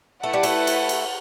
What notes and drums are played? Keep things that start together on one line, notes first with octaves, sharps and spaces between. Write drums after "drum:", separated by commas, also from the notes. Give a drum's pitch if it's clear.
A3 E4 B4 F#5 A5
G3
A3, drum: cymbal
drum: cymbal
drum: cymbal